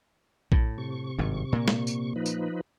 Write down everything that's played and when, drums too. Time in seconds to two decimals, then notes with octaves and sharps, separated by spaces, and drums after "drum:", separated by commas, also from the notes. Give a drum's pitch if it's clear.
0.52 A2, drum: kick A#1
0.78 C3 C#6
1.19 G#1 G2
1.53 A#2 A#3
1.68 drum: snare
1.87 drum: tambourine
2.16 F3 D#4 B4
2.26 drum: tambourine